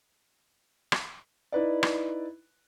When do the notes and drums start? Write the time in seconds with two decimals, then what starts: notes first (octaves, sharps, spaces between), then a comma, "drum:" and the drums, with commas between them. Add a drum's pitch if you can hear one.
0.92 drum: rim click
1.52 D#4 E4 B4 D5
1.83 drum: rim click